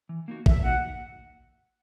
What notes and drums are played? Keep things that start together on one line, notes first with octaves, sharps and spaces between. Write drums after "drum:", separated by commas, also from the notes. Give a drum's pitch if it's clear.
E3
A#3 D#4 F#4
E3 E5, drum: kick A1
A#3 D#4 F#4 F#5